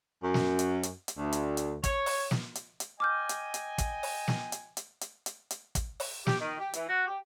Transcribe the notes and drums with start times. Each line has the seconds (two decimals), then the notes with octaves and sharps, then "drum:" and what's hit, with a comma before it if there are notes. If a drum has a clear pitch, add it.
0.23 F#2
0.34 drum: snare
0.59 drum: hi-hat
0.83 drum: hi-hat
1.08 drum: hi-hat
1.18 D2
1.33 drum: hi-hat
1.57 drum: hi-hat
1.84 C#5, drum: kick, hi-hat
2.06 drum: open hi-hat
2.31 drum: snare
2.55 drum: hi-hat
2.80 drum: hi-hat
3.00 D#5 G5 G#5 D6 F6 G6
3.29 drum: hi-hat
3.54 drum: hi-hat
3.78 drum: kick, hi-hat
4.03 drum: open hi-hat
4.28 drum: snare
4.52 drum: hi-hat
4.77 drum: hi-hat
5.01 drum: hi-hat
5.26 drum: hi-hat
5.51 drum: hi-hat
5.75 drum: kick, hi-hat
6.00 drum: open hi-hat
6.27 G4, drum: snare
6.40 D#3
6.59 G4
6.73 E3, drum: hi-hat
6.88 F#4
7.07 G4